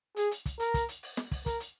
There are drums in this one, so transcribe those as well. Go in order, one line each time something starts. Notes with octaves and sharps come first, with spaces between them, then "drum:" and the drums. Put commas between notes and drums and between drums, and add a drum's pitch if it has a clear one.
G#4, drum: hi-hat
drum: hi-hat
drum: kick, hi-hat
A#4, drum: hi-hat
drum: kick, hi-hat
drum: hi-hat
drum: open hi-hat
drum: snare
drum: kick, open hi-hat
A#4, drum: kick, hi-hat
drum: hi-hat